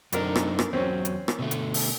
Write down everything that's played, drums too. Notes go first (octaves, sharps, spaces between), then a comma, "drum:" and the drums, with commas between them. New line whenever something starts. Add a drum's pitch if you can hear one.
F#2 D3 C4 D4 D#4 A#4, drum: hi-hat
drum: rim click
drum: rim click
E2 F#3 C4 C#4
drum: hi-hat
drum: rim click
B2 D3 A3
drum: hi-hat
drum: open hi-hat